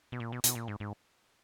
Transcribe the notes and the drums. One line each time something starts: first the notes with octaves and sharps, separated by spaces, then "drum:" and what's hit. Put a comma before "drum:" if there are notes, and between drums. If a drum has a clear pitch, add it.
B2
A#2
B2
B2, drum: hi-hat
A#2
G#2
G#2